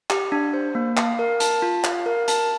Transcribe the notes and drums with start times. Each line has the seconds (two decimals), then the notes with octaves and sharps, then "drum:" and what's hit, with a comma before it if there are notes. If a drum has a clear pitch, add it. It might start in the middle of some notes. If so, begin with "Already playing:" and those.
0.10 G4, drum: clap
0.32 D4
0.54 C5
0.75 A#3
0.97 F5, drum: clap
1.19 A#4
1.40 A5, drum: hi-hat
1.62 F4
1.84 F5, drum: clap
2.06 A#4
2.28 A5, drum: hi-hat